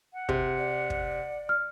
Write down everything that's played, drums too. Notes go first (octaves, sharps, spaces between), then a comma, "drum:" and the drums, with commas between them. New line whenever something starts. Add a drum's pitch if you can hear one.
F#5
C3, drum: kick
D5
drum: kick
F6